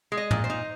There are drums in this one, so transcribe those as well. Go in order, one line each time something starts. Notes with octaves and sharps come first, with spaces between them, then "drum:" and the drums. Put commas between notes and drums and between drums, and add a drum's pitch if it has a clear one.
G#3
D#5
A#2, drum: tom
C5
D#4